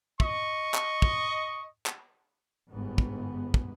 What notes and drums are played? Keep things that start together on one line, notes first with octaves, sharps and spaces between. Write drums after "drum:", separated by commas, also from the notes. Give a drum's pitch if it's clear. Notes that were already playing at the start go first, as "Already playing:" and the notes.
D#5 C#6, drum: kick
drum: clap
drum: kick
drum: clap
G1 G#2 B3
drum: kick
drum: kick